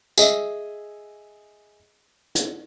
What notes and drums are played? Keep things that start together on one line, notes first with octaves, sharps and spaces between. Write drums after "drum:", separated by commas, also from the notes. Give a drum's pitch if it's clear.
G#4 D#5 E5, drum: tambourine
drum: hi-hat